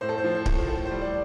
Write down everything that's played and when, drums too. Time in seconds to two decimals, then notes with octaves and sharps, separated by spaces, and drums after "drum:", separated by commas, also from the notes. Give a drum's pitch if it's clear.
0.01 A2 C5
0.09 A4
0.18 C5
0.24 F3
0.35 C5
0.46 A3, drum: kick D1
0.68 A2 A4
0.85 C5
0.91 G3
1.01 D5